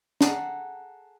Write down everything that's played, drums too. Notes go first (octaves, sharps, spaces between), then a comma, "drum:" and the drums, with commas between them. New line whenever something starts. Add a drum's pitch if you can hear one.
G#4 A4 F#5 A#5, drum: snare